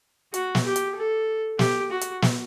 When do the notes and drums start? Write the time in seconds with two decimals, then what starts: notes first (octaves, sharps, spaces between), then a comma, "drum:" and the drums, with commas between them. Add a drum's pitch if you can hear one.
0.34 F#4, drum: hi-hat
0.55 drum: snare
0.66 G4
0.76 drum: hi-hat
0.96 A4
1.59 G4, drum: snare
1.91 F#4
2.01 drum: hi-hat
2.22 drum: snare